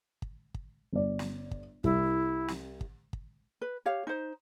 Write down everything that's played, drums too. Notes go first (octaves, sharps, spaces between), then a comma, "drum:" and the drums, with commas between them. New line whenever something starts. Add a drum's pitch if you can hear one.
drum: kick
drum: kick
G1 D5
drum: snare
drum: kick
C2 E4, drum: kick
drum: snare
drum: kick
drum: kick
B4
G4 C#5 F5
D#4 C5